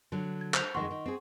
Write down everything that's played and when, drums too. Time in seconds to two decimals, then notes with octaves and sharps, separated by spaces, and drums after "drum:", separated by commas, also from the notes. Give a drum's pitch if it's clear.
0.12 D3 F#3
0.41 G#6
0.54 C5 G6 F7, drum: clap
0.75 F2 D#3 G#3 F#5 C6 C#6
0.91 D#3
1.06 C4 G#4